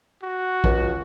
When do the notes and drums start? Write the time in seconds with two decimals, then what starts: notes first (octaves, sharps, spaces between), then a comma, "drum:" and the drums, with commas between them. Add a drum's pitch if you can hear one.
0.23 F#4
0.64 C#2, drum: kick